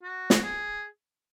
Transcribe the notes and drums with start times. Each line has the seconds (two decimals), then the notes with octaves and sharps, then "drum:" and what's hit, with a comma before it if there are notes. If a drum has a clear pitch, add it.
0.03 F#4
0.30 drum: snare
0.43 G#4